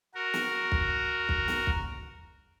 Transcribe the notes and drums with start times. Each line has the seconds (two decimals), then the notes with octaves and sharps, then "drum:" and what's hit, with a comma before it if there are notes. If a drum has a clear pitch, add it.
0.14 F#4 A#4
0.34 drum: snare
0.72 drum: kick
1.29 drum: kick
1.48 drum: snare
1.67 drum: kick